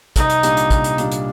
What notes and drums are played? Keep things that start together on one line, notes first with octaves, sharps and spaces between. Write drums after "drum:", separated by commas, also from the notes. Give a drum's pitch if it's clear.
C2 D#4, drum: kick, hi-hat
drum: hi-hat
A#2 G3 D4, drum: hi-hat
drum: hi-hat
C2, drum: kick, hi-hat
drum: hi-hat
A#2 G3 D4, drum: hi-hat
drum: hi-hat